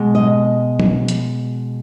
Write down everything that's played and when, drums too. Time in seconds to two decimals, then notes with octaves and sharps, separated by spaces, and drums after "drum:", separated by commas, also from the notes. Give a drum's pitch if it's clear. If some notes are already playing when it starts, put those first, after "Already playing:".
Already playing: B2 G#3
0.15 D#5
0.80 drum: tom
1.08 drum: hi-hat